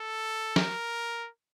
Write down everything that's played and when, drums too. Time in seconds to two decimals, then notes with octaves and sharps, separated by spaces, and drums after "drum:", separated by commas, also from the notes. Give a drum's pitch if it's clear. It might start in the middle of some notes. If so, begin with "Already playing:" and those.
Already playing: A4
0.56 A#4, drum: snare